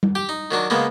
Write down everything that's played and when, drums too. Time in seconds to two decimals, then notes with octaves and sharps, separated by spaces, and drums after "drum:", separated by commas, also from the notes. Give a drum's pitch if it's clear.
0.03 drum: tom G3
0.15 G4 G5
0.29 D#4
0.51 D#3 F#3 D4
0.70 C#3 G#3 A#3 B3